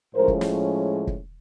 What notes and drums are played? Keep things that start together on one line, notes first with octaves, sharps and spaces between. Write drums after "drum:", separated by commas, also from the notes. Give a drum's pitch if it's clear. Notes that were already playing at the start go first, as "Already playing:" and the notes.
A2 F3 G#3 C#4 A#4 C5
drum: kick
drum: snare
drum: kick